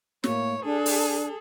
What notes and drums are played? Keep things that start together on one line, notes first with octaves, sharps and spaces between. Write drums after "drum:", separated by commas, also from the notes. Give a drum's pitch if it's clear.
A2 A#3 C#5, drum: snare
D4 G#4 A4
drum: open hi-hat